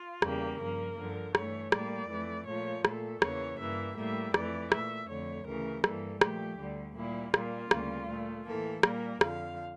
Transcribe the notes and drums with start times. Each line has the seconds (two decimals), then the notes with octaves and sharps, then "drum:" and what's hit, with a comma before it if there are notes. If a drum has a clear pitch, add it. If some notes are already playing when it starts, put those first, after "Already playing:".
Already playing: F4
0.22 E2 C#3 G3 A#3 G4, drum: rim click
0.59 G2 F3 A#3 A#4
0.97 G2 D3 F3
1.35 G2 E3 A3 C#5, drum: rim click
1.72 A2 G3 A#3 D5, drum: rim click
2.09 F2 E3 A3
2.47 A#2 F3 A3 C#5
2.85 A#2 A3 A4, drum: rim click
3.22 E2 C#3 E3 A#3 C#5, drum: rim click
3.59 G2 E3 A#3 E5
3.97 A2 G3 A#3 E5
4.34 F2 E3 A3 D5, drum: rim click
4.72 A#2 A3 E5, drum: rim click
5.09 F2 D3 A3 C#5
5.46 D2 C#3 E3 A3 A#4
5.84 G2 E3 G3 A#3 A4, drum: rim click
6.21 A#2 F3 A3 G4, drum: rim click
6.59 D2 D3 G3
6.96 A#2 G3 A#3 E4
7.34 A#2 G3 A#3 F4, drum: rim click
7.71 D2 C#3 G3 A#3, drum: rim click
8.08 A#2 A3
8.46 A2 E3 A#3 A4
8.83 A#2 G3 A#3 A#4, drum: rim click
9.21 F2 D3 F3 F5, drum: rim click